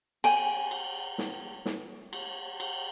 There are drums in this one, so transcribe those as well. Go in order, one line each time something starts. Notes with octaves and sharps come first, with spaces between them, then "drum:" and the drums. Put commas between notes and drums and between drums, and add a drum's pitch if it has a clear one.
G5 G#5, drum: cymbal
drum: cymbal
drum: snare
drum: snare
drum: cymbal
drum: cymbal